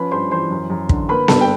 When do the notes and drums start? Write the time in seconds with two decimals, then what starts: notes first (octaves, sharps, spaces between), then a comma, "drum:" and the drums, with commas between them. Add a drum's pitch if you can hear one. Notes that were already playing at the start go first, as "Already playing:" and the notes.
Already playing: F3 C#4 B4 B5
0.11 G2 C5 C6
0.31 E3 C5 C6
0.51 F#2
0.70 F#2
0.89 D3, drum: kick
1.09 A#3 B4 B5
1.28 G2 A4 A5, drum: snare B3
1.41 G5